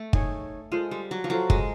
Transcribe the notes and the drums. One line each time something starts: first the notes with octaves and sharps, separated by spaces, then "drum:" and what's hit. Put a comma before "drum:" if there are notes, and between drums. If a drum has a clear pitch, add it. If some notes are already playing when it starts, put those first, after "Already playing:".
Already playing: A3
D#4 G#4 C#5, drum: kick
G#3 F4 A4 C5
G3
F#3
F3
F#3 F4 A4 C5
G#3, drum: kick